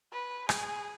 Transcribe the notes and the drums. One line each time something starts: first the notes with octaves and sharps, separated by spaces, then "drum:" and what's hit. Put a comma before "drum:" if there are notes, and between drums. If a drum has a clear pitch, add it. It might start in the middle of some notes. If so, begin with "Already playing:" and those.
B4
G#4, drum: rim click